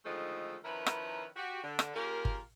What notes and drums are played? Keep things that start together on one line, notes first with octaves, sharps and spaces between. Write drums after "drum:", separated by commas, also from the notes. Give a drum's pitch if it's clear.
D3 D#3 F3 G#3 A3 D#4
D#3 F3 C#4 E4 A#4 B4
drum: rim click
F#4 G4
D3
drum: rim click
C#3 A#3 F4 G4 A#4
drum: kick G1